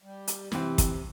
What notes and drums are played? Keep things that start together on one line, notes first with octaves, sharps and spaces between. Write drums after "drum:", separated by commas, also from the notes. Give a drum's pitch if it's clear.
G3
drum: hi-hat
C3 E3 C4, drum: snare
drum: kick, hi-hat